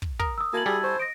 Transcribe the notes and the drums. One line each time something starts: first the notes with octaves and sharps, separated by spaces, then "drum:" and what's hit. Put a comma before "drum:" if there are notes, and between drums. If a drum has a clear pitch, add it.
drum: kick
A#4 D#6, drum: kick
D#6 E6
A#3 E4 F#4 A4 G#5 F#7
G3 G#4
C5 C#6
D#5 A#6 D7